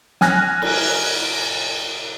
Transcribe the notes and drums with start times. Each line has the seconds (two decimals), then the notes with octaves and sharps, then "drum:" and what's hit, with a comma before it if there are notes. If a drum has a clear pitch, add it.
0.21 G#5 F6 F#6 A#6, drum: snare
0.62 drum: cymbal